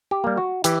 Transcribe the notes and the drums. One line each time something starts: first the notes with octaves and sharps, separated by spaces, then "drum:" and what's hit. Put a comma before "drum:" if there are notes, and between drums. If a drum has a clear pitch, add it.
G4
G3 A#3
F#4
E3 G4, drum: hi-hat